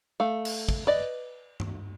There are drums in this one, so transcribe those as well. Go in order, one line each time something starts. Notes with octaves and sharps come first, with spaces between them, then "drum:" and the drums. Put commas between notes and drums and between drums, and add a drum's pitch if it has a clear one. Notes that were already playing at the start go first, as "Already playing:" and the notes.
A3 F5
drum: cymbal
drum: kick
B4 D5 D#5
drum: tom G2